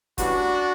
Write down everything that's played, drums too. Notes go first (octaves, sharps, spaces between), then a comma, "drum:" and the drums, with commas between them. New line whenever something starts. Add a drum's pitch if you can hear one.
A2 E3 G3 C#4 D4 F#4, drum: kick, hi-hat